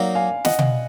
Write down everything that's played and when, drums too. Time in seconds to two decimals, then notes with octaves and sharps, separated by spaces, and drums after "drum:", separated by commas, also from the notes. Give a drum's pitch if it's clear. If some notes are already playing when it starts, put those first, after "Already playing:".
Already playing: F#3 A#3 D#4 D5 F5
0.15 F5 G#5
0.45 D#5 F#5, drum: snare
0.59 drum: tom B2